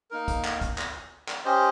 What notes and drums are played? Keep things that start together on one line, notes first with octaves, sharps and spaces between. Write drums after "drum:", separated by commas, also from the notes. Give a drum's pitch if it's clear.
A#3 D#4 A#4
drum: kick, hi-hat
drum: clap
drum: kick, hi-hat
drum: clap
drum: clap
C#4 G4 C5 D#5